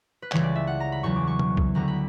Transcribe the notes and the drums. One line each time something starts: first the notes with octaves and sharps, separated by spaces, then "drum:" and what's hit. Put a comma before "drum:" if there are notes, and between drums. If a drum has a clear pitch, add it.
B4
C#2 C#3 E3 G3 C#5, drum: clap
D5
E5
F#5
A#5
B5
E2 C#3 F#3 C#6
D6
C#6
drum: tom B2
drum: kick C2
D2 D3 G3 A#5
B5